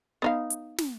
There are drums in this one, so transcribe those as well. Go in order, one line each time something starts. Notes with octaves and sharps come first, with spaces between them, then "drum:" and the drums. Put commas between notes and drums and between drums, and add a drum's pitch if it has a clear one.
B3 D#4 F5
drum: hi-hat
drum: snare